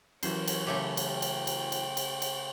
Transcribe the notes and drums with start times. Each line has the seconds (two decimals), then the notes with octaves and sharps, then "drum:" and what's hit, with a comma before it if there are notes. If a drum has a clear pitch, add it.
0.23 E3 F#3 C#4 A#4 C5 C#5, drum: cymbal
0.48 drum: cymbal
0.67 C#3 A3 G4
0.97 drum: cymbal
1.07 G5
1.22 drum: cymbal
1.47 drum: cymbal
1.72 drum: cymbal
1.97 drum: cymbal
2.22 drum: cymbal